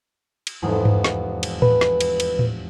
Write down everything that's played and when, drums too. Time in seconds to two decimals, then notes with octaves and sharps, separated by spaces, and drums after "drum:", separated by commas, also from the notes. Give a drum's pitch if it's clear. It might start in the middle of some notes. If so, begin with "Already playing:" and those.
0.47 drum: cymbal
0.62 F1 E2 G#2
0.85 drum: tom G2
1.04 drum: snare
1.43 drum: cymbal
1.62 B4, drum: tom A2
1.81 drum: snare
2.01 drum: cymbal
2.20 drum: cymbal
2.39 drum: tom A2